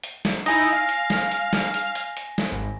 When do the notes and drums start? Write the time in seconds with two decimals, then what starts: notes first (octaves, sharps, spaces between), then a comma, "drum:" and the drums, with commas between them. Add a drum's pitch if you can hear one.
0.04 drum: hi-hat
0.25 drum: snare
0.46 D#4 E4 G#5 A#6, drum: hi-hat
0.73 F5
0.89 drum: hi-hat
1.10 drum: snare
1.31 drum: hi-hat
1.53 drum: snare
1.74 drum: hi-hat
1.95 drum: hi-hat
2.17 drum: hi-hat
2.38 drum: snare
2.52 G#1